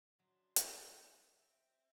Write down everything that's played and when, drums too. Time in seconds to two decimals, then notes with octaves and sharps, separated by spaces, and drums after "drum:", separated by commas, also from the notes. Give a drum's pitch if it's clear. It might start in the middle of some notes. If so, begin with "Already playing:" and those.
0.19 F#2 F#3 D4 C6
0.56 drum: hi-hat
1.37 C4 E5 G5